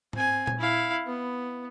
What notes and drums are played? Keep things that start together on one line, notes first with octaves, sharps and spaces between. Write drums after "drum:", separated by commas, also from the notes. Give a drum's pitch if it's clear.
C4 G#5, drum: tom G#2
drum: tom A#2
E4 F5
B3